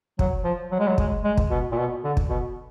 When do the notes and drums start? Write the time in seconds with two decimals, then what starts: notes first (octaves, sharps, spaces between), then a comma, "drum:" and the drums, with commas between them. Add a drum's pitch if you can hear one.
0.19 F#3, drum: kick
0.44 F3
0.72 F#3
0.80 G#3
0.88 F#3
0.98 G#3, drum: kick
1.24 G#3
1.37 drum: kick
1.50 B2
1.72 A#2
1.77 B2
2.04 D3
2.17 drum: kick
2.30 B2